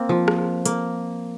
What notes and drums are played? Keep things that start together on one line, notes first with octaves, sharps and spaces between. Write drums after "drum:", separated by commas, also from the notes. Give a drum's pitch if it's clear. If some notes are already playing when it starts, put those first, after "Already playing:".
Already playing: A#3 C4
F3
drum: rim click
A#3, drum: hi-hat